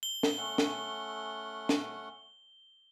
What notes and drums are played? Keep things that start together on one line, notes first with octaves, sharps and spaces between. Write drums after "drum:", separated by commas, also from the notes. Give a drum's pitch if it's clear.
G7
drum: snare
A3 C#4 F#5
drum: snare
drum: snare